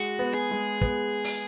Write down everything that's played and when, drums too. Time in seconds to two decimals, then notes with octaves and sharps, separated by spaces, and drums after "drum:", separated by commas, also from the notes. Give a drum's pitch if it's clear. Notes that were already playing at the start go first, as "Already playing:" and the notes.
Already playing: G#3 F#4
0.19 B3
0.34 G#4
0.51 G#3
0.81 B3, drum: kick
1.24 drum: open hi-hat